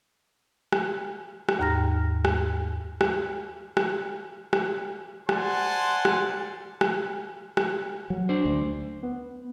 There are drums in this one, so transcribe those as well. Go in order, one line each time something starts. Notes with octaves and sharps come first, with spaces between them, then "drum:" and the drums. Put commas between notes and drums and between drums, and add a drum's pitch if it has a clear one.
drum: rim click
drum: rim click
D#2 G#2 A#5 F6 A#6
drum: rim click
drum: rim click
drum: rim click
drum: rim click
C5 D5 F#5 G#5 A5 C6, drum: rim click
drum: rim click
drum: rim click
drum: rim click
F#3
D4 C5
D2
B3